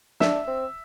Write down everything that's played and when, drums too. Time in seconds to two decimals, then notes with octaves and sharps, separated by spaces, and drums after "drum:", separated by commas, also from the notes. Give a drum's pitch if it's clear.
0.20 D4 E5 E6, drum: snare
0.47 C4